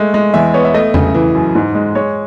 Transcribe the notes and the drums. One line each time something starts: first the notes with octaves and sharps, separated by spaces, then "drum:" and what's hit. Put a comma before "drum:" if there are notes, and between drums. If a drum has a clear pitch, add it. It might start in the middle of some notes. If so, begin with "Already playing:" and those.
Already playing: G#3 A3
G#3
E2 E5
B3 C#5
E5
A3 D#5
C#3, drum: tom E2
E3
F#2
G#2
G#3
G#3 C#5